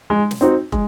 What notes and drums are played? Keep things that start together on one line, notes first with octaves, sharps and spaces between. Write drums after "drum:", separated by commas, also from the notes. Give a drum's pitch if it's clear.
G#3
drum: snare
C4 D#4 F#4
G#3, drum: kick